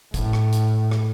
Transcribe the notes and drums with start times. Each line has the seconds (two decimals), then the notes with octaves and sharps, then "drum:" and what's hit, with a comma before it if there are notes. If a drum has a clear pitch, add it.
0.14 A2, drum: kick, hi-hat
0.33 drum: rim click
0.53 drum: hi-hat
0.91 drum: rim click